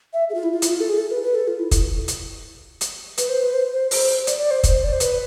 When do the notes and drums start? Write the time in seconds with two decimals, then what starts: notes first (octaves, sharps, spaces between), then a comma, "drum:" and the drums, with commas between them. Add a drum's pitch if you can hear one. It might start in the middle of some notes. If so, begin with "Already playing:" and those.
0.13 E5
0.29 G#4
0.34 F4
0.43 E4
0.53 F4
0.62 E4, drum: hi-hat
0.71 F4
0.80 A4
0.89 G#4
0.98 A4
1.11 B4
1.23 B4
1.35 A4
1.47 F4
1.59 E4
1.71 drum: kick, hi-hat
2.08 drum: hi-hat
2.81 drum: hi-hat
3.18 B4, drum: hi-hat
3.29 C5
3.42 B4
3.54 C5
3.73 C5
3.91 C5, drum: open hi-hat
4.27 D5, drum: hi-hat
4.38 D5
4.51 C5
4.64 C5, drum: kick, hi-hat
4.84 D5
4.93 C5
5.00 B4, drum: hi-hat